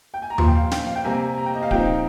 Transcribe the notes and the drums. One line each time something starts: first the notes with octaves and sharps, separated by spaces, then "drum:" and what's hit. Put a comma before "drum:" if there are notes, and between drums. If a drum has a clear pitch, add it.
G5
G#5
A#5
A#2 F3 A#3 C6, drum: tom D#2
G5
F5
G5, drum: snare
F5
G5
C3 G3 A#3 G#5
A#5
G5
D#5
F5
A#2 F3 C4 D#4 G5, drum: kick D1